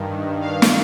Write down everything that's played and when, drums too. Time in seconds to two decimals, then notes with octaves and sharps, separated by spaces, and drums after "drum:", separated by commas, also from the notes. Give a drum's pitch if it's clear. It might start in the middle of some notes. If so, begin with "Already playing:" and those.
Already playing: G2 D#3
0.41 F5
0.62 drum: snare